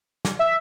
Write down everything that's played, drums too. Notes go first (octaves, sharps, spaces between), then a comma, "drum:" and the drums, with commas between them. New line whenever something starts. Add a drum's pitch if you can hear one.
drum: snare
E5